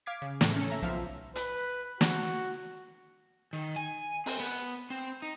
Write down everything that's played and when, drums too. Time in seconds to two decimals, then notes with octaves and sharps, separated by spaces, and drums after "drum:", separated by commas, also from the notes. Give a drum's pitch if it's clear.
0.06 F5 D6 G#6 B6
0.22 C#3
0.41 A2 A3, drum: snare
0.57 C#4 A4
0.70 E5 A#5
0.82 B1 F3 E5 F5
1.36 B4, drum: hi-hat
2.01 F#4, drum: snare
3.53 D#3
3.76 G#5
4.26 C4, drum: open hi-hat
4.40 B3
4.90 C4
5.22 D#4